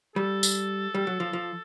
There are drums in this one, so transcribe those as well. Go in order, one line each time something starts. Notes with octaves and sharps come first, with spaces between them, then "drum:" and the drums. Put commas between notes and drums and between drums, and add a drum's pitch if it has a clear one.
G3 A4
drum: tambourine
G3
F#3
F3
F3